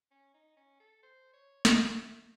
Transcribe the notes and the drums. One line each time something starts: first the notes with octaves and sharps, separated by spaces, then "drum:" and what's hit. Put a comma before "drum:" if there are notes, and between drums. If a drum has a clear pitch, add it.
C#4
D#4
C#4
A4
C5
C#5
D#5, drum: snare
E5